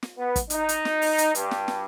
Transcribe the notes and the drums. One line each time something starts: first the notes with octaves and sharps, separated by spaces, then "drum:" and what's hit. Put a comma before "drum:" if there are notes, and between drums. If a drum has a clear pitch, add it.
drum: snare
B3
drum: kick, hi-hat
D#4, drum: hi-hat
drum: hi-hat
drum: snare
drum: open hi-hat
drum: hi-hat
G2, drum: hi-hat
drum: snare
drum: snare